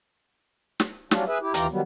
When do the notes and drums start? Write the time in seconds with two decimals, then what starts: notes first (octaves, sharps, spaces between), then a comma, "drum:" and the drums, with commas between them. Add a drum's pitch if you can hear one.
0.80 drum: snare
1.11 F#3 G3 C#4 D4 F4, drum: snare
1.27 G#4 B4 E5
1.41 E4 G4
1.54 D#2 E3 F4 G4 G5 A#5, drum: hi-hat
1.70 D#3 F#3 G3 B3